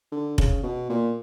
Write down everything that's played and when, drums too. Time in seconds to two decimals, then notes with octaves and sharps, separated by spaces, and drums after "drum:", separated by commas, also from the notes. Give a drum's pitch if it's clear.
0.12 D3
0.38 C#3, drum: kick F1
0.63 B2
0.89 A#2